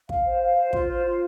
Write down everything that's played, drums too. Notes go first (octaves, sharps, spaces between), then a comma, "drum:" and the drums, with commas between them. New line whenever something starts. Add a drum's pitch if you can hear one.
F5, drum: kick
C5
F5
C5
F4, drum: kick
C5
F4